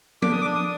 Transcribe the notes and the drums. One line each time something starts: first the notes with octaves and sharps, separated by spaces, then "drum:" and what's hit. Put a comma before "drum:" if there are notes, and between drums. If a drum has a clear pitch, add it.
D4 D6, drum: tom F3
D#6
D6
D4
D#6